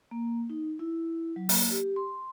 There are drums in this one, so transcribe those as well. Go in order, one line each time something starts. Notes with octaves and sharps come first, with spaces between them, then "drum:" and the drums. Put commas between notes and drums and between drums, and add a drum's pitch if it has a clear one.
A#3
D#4
E4
F#3
A#3, drum: open hi-hat
G4
C6